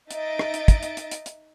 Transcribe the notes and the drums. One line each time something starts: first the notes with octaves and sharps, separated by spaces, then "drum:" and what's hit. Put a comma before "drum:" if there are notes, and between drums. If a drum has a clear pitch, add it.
D#4 D#5 E5 A6 D7, drum: hi-hat
drum: rim click
drum: hi-hat
drum: kick, hi-hat
drum: hi-hat
drum: hi-hat
drum: hi-hat
drum: hi-hat